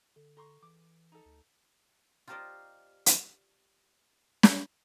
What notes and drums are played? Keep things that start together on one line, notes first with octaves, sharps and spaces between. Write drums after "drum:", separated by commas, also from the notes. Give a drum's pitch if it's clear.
D3 A4
A4 A#5 C6 C#6
E3 D6
D#4 A4
D2
F4 G4 A#4 C5 D5 D#5
drum: hi-hat
drum: snare